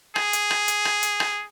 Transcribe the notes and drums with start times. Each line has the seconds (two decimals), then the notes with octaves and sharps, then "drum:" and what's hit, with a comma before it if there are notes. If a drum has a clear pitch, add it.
0.16 G#4, drum: rim click
0.33 drum: hi-hat
0.51 drum: rim click
0.68 drum: hi-hat
0.85 drum: rim click
1.03 drum: hi-hat
1.20 drum: rim click